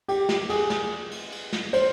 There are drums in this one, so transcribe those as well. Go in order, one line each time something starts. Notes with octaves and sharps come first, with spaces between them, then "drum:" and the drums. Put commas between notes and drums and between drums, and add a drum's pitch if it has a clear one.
G4, drum: cymbal
drum: snare
G#4, drum: cymbal
drum: snare
drum: cymbal
drum: cymbal
drum: snare
C5, drum: cymbal